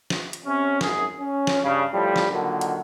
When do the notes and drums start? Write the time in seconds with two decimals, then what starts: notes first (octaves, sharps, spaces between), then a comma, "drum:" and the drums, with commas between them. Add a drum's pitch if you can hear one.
0.10 drum: snare
0.33 drum: hi-hat
0.45 C3 C#4
0.81 G#1 F#2 G#4, drum: snare
1.19 C#4
1.47 drum: snare
1.63 G2 C#3
1.93 A2 F3 G3
2.16 drum: snare
2.30 A#2 D3 D#3 F#3
2.61 drum: hi-hat